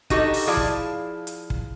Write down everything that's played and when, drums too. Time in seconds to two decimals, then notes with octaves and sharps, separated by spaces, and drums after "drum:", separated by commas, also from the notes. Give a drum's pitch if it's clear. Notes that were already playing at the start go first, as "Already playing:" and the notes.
0.10 D#4 F#4 G4 A4 D#5, drum: kick, hi-hat
0.34 drum: open hi-hat
0.47 F3 E4 G#4 D5 F5 A5
0.57 drum: kick
1.27 drum: hi-hat
1.50 drum: kick